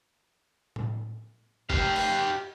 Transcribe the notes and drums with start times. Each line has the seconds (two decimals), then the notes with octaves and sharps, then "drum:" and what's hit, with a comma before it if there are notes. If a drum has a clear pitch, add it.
0.76 drum: tom A2
1.70 G4 F5, drum: kick
1.96 drum: cymbal